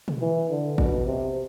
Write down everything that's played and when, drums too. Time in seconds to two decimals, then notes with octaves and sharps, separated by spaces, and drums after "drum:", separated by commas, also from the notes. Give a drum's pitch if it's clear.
0.08 drum: tom B2
0.22 E3
0.50 D3
0.78 B2, drum: kick A1
1.06 C3